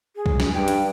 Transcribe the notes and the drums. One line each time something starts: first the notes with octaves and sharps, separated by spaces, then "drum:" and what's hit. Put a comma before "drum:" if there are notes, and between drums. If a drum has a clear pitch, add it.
G#4
drum: kick C2
drum: snare
G2 G5
drum: hi-hat